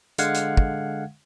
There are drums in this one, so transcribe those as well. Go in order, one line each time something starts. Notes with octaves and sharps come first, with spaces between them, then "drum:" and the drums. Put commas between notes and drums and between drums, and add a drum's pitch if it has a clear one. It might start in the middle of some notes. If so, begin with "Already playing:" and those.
D3 G#3 F5 F#5 G#6, drum: hi-hat
drum: hi-hat
drum: kick